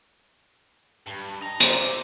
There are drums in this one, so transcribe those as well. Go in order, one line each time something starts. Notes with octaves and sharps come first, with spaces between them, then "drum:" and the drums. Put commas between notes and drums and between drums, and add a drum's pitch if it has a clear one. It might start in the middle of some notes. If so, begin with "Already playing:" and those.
G2
D#5 A#5
F3 D#4 C5, drum: hi-hat
G4 E5